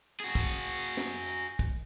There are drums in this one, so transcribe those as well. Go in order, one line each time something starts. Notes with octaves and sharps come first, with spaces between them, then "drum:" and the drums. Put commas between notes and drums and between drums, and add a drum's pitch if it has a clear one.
F#4 G#4, drum: hi-hat
drum: kick, hi-hat
drum: hi-hat
drum: hi-hat
drum: hi-hat
drum: snare
drum: hi-hat
drum: hi-hat
drum: kick, hi-hat